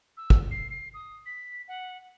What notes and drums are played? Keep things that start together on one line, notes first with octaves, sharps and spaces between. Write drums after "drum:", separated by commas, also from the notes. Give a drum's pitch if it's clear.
E6
drum: kick
C7
C7
D#6
B6
F#5